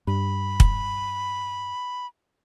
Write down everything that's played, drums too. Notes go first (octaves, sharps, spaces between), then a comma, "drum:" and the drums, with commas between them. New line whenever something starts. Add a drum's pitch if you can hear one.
G2 B5
drum: kick